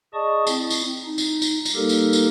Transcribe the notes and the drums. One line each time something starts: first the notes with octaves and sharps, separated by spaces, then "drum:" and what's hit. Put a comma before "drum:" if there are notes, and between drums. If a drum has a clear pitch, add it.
G#4 D5 D#5 A5 C#6 D#6
C4 E4, drum: tambourine
drum: tambourine
D#4
drum: tambourine
drum: tambourine
drum: tambourine
G3 A#3 D#4 G4 A4 A#4
drum: tambourine
drum: tambourine